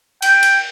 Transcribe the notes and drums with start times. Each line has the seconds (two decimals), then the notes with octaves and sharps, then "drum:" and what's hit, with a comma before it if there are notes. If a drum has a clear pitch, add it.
0.22 G5, drum: cymbal
0.43 drum: cymbal